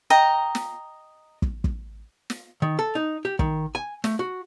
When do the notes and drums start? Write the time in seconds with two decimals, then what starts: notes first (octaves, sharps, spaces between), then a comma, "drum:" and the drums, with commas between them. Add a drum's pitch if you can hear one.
0.10 D#5 G5 A#5
0.55 drum: snare
1.42 drum: kick
1.64 drum: kick
2.30 drum: snare
2.62 D#3
2.79 A4
2.95 D#4
3.25 G4
3.39 D#3, drum: kick
3.75 G#5
4.04 A3, drum: snare
4.19 F#4